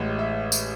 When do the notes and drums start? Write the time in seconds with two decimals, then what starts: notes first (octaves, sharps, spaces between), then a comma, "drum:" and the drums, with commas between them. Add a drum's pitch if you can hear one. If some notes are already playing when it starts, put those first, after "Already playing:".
Already playing: A1 A2 G#3
0.19 E5
0.52 drum: tambourine